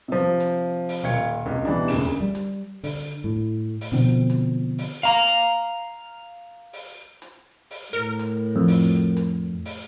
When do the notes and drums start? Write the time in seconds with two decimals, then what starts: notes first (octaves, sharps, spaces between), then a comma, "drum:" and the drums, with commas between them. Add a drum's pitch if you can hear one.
0.08 C3 F3
0.40 drum: hi-hat
0.89 drum: open hi-hat
1.03 D#1 F5 G#6 C#7
1.46 C#2 C3
1.64 B2 E3 G3 D4 D#4
1.88 F#1 D2 C#3 E7, drum: open hi-hat
2.21 G3
2.35 drum: hi-hat
2.84 D3, drum: open hi-hat
3.24 A2
3.81 drum: open hi-hat
3.92 B2 D3 F3 C4
4.30 drum: hi-hat
4.78 drum: open hi-hat
5.03 F5 A#5
5.27 drum: hi-hat
6.73 drum: open hi-hat
7.22 drum: hi-hat
7.71 drum: open hi-hat
7.93 A2 A#4
8.19 drum: hi-hat
8.56 F2
8.68 drum: open hi-hat
9.17 drum: hi-hat
9.65 drum: open hi-hat